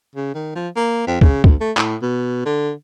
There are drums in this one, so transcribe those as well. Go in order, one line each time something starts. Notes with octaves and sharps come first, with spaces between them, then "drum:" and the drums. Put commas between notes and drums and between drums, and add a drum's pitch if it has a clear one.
C#3
D#3
F3
A#3
F2
C#3, drum: kick
D2, drum: kick
A3
A2, drum: clap
B2
D3